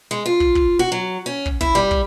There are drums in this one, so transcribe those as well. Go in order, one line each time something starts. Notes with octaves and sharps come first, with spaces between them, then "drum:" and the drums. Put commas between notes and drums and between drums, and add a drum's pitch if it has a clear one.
G#3
F4
drum: kick
drum: kick
F#4
F#3
C#4
drum: kick
E4, drum: kick
G3
drum: kick